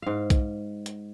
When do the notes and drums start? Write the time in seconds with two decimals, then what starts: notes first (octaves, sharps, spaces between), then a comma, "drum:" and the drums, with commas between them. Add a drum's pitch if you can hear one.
0.02 G#2 F5
0.30 drum: kick B1, hi-hat
0.86 drum: hi-hat